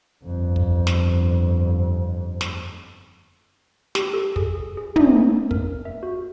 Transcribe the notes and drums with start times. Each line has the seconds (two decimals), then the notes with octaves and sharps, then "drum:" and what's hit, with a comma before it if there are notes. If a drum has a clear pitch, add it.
0.24 G1 F2
0.56 drum: kick
0.87 drum: snare
2.41 drum: snare
3.95 G4, drum: snare
4.14 A4
4.36 G#4, drum: kick
4.77 G#4
4.96 E5, drum: tom
5.29 A#3
5.51 A#4, drum: kick
5.85 E5
6.03 F#4